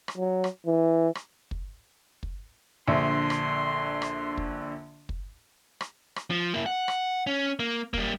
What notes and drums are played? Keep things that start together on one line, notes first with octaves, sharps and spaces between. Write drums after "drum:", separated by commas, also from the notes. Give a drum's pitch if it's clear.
drum: rim click
F#3
drum: rim click
E3
drum: rim click
drum: kick
drum: kick
A#1 D3 E5 C6
drum: rim click
drum: rim click
drum: kick
drum: kick
drum: rim click
drum: rim click
F3
A#3 E4
F#5
drum: rim click
C#4
A#3
G3 A#3, drum: kick